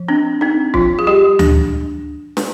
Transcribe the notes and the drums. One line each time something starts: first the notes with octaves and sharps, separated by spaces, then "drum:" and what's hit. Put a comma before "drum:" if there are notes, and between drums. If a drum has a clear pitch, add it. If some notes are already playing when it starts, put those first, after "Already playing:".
Already playing: F3
C4 D4
C4 D#4
F3 F4, drum: kick
G#4
G3 G4
D4, drum: tom D2
drum: snare